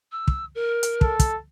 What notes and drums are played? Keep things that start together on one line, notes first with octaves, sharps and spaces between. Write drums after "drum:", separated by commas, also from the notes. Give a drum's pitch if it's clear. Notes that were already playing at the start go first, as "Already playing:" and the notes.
E6
drum: kick
A#4
drum: hi-hat
A4, drum: kick
drum: kick, hi-hat